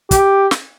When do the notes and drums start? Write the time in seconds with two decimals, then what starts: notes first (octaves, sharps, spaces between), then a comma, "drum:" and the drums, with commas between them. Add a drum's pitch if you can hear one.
0.11 G4, drum: kick, hi-hat
0.51 drum: snare